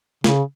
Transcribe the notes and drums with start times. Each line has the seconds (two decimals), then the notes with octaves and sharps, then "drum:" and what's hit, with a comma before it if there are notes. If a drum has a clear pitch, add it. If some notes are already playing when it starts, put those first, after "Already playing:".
0.24 C#3, drum: snare